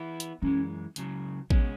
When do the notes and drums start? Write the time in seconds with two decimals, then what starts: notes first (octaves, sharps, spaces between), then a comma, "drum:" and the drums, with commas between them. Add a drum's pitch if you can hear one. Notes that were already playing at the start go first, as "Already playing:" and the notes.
Already playing: E3 B3 E4
0.20 drum: hi-hat
0.42 F#2 E3 G#3 C#4
0.96 C#2 C#3 F#3, drum: hi-hat
1.50 B2 G#3 B3 C#4, drum: kick A1